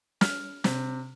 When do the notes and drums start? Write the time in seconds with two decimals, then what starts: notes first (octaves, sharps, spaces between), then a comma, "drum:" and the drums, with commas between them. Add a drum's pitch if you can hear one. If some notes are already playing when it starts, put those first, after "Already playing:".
0.21 F6, drum: snare
0.64 C3, drum: snare